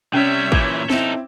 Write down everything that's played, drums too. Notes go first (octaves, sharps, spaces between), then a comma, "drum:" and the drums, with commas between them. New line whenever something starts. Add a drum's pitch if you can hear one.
C3 G3 C#4 C#5 E5
A#2 E3 D6 G6 G#6, drum: kick
C4 D#4 E4 A4, drum: snare